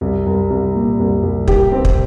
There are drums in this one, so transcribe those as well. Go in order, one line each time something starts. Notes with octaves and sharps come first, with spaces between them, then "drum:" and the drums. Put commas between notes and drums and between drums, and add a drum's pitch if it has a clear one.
C2
C2
C2
A#2
C2
C2
G4, drum: kick
C4
drum: kick